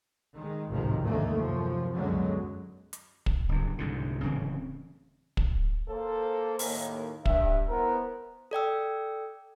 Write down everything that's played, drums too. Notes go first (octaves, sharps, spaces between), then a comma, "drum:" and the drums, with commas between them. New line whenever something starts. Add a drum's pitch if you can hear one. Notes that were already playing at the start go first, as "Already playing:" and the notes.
D#3 G#3
G#1 C#2 A2 C3 D#3 F3
D#2 G#2 D3 D#3 A3 A#3
F#2 C3 F3
C#2 F#2 B2 D3 F#3 G#3
drum: hi-hat
drum: kick
F#1 G2
C2 G#2 D3
D1 C#3 E3 C4
drum: kick
A#3 A4 C5
D#2 A2 A#3, drum: open hi-hat
G2 E5, drum: kick
B3 E4 A#4 C5
A4 D5 G5 E6